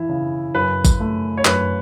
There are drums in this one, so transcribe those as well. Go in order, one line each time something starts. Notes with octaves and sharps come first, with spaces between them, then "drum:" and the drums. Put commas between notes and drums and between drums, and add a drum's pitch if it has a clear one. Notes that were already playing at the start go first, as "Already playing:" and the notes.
Already playing: E3 E4
C#3
F#2 B4
drum: kick, tambourine
A3
C#5
F#2 B4, drum: clap